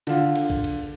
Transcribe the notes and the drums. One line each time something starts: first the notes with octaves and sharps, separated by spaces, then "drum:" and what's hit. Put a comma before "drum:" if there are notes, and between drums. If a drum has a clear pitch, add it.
D3 F4, drum: cymbal
drum: cymbal
drum: kick A#1
drum: cymbal